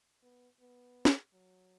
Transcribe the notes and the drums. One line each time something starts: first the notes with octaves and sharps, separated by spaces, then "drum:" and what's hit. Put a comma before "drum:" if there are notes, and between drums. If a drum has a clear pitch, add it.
B3
B3
drum: snare
F#3